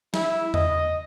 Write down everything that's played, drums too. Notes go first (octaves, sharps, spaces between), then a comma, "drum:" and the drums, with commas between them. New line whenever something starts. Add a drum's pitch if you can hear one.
E4, drum: snare
D#5, drum: tom E2